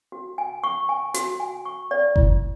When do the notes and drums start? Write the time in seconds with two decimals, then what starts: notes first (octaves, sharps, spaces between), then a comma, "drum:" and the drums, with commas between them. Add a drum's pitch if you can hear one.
0.12 F#4
0.38 G#5
0.64 C#6
0.89 G#5
1.14 F#4, drum: hi-hat
1.40 G#5
1.65 C#6
1.91 D5
2.16 E4, drum: kick F#1